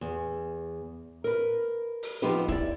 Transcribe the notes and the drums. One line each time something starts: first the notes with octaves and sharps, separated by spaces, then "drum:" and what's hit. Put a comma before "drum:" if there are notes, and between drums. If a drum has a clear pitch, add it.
E2
A#4 B4
drum: open hi-hat
F3 B3 C4 D#4 G4 B4
E4 D5, drum: kick